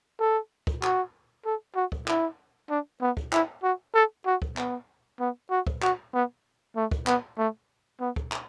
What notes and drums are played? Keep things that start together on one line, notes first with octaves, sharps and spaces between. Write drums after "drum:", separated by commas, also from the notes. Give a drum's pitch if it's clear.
A4
drum: kick
F#4, drum: clap
A4
F#4
drum: kick
E4, drum: clap
D4
B3
drum: kick
E4, drum: clap
F#4
A4
F#4
drum: kick
B3, drum: clap
B3
F#4
drum: kick
F#4, drum: clap
B3
A3
drum: kick
B3, drum: clap
A3
B3
drum: kick
drum: clap